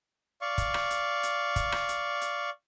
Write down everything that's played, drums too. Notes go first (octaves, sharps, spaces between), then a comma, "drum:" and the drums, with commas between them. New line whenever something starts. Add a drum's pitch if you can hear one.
D5 F5 C#6
drum: kick, hi-hat
drum: rim click
drum: hi-hat
drum: hi-hat
drum: kick, hi-hat
drum: rim click
drum: hi-hat
drum: hi-hat